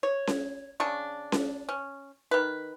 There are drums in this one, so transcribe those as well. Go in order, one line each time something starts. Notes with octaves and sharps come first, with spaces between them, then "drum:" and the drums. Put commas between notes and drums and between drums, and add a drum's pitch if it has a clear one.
C#5
drum: snare C#4
C#3 D4 C#6
drum: snare C#4
C#4
D#3 B4